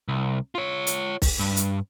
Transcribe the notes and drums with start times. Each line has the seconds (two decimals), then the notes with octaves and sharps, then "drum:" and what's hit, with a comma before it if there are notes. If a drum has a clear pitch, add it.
0.08 C2
0.55 F4 C#5
0.87 drum: hi-hat
1.22 drum: kick B1, open hi-hat
1.39 G2
1.57 drum: hi-hat